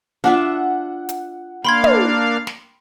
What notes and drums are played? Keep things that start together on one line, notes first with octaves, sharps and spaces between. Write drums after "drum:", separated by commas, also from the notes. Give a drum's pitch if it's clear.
D4 F4 E5 F#5
drum: hi-hat
A#3 D4 F5 G5 B5 C6 G#6
drum: tom
drum: snare